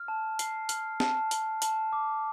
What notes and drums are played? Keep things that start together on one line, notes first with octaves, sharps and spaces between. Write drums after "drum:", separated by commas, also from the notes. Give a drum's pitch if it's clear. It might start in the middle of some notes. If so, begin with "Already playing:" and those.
Already playing: F6
A5
C7, drum: hi-hat
F6, drum: hi-hat
A5, drum: snare
A5, drum: hi-hat
A5, drum: hi-hat
D6